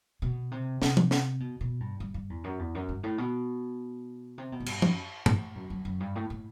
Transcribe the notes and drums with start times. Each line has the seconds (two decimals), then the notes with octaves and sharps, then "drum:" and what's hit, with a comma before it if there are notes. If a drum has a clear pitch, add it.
0.22 B2
0.51 C3
0.82 C3, drum: snare
0.97 drum: tom
1.11 drum: snare
1.40 B2
1.61 B2
1.80 G2
2.00 G2
2.14 G2
2.30 E2
2.44 F#2
2.59 E2
2.75 F#2
2.89 G2
3.03 A2
3.18 B2
4.38 C3
4.52 B2
4.60 A2
4.66 G2, drum: cymbal
4.82 F#2, drum: tom
5.26 A2, drum: tom G2
5.55 F#2
5.70 F#2
5.85 F#2
6.00 G2
6.16 A2
6.30 A2